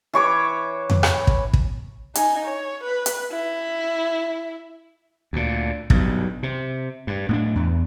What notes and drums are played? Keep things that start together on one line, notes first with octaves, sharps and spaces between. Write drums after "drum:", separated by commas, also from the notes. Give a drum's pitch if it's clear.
E3 C#5 D6
drum: tom F2
drum: rim click
drum: kick
drum: kick
D#4 G#5, drum: hi-hat
C#5
B4
drum: hi-hat
E4
D2 A#2
B1 G2, drum: kick
C3
G2
A2 A#3 D4
E2